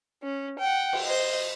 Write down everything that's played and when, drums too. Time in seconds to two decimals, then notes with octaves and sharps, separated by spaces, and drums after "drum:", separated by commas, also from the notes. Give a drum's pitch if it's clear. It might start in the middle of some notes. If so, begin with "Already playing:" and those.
0.23 C#4
0.59 F#5 G5
0.93 drum: cymbal
1.06 C5 D#5